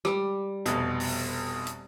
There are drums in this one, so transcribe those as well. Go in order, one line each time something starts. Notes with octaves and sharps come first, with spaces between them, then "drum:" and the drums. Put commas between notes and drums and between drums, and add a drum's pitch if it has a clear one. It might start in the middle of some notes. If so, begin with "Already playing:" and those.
G3, drum: rim click
F1 B2, drum: hi-hat
drum: open hi-hat
drum: hi-hat